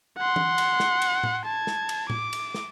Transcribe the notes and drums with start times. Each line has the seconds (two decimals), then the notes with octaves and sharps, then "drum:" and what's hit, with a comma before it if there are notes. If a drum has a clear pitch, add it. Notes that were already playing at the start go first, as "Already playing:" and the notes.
0.18 F#5 C6
0.36 drum: tom E3
0.58 drum: cymbal
0.80 drum: snare
1.02 drum: cymbal
1.23 drum: tom A2
1.45 A5 G#6
1.67 drum: snare
1.89 drum: cymbal
2.10 D6, drum: tom A2
2.33 drum: cymbal
2.54 drum: snare